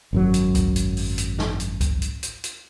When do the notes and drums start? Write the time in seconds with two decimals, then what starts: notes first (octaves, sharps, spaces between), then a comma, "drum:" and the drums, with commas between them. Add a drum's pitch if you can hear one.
0.13 G#1 F#2 F#3
0.34 drum: hi-hat
0.55 drum: kick C#2, hi-hat
0.76 drum: hi-hat
0.97 drum: open hi-hat
1.18 drum: hi-hat
1.39 drum: snare
1.60 drum: hi-hat
1.81 drum: kick C#2, hi-hat
2.02 drum: hi-hat
2.23 drum: hi-hat
2.44 drum: hi-hat